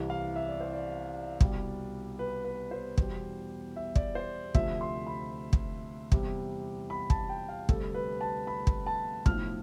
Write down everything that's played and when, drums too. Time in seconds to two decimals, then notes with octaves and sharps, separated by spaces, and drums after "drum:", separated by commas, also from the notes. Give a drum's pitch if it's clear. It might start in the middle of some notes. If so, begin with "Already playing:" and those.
Already playing: C2 C3 E3
0.10 F5
0.36 E5
0.48 D5
0.61 C5
0.73 D5
1.41 C2 B2 G3, drum: kick
2.19 B4
2.45 B4
2.71 C5
2.98 E2 B2 G3, drum: kick
3.76 E5
3.95 D5, drum: kick
4.15 C5
4.55 D2 C3 F3 E5, drum: kick
4.81 C6
5.07 B5
5.53 drum: kick
6.12 E2 C3 G3, drum: kick
6.90 B5
7.10 A5, drum: kick
7.29 G5
7.49 F5
7.69 D2 C3 G3 A4, drum: kick
7.95 B4
8.21 A5
8.47 B5
8.67 drum: kick
8.86 A5
9.26 B1 A2 F3 F6, drum: kick